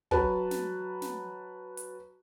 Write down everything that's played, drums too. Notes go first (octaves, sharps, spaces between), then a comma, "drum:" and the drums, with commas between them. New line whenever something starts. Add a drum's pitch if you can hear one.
F#3 F#4 B4 A5, drum: kick
drum: snare
drum: snare
drum: hi-hat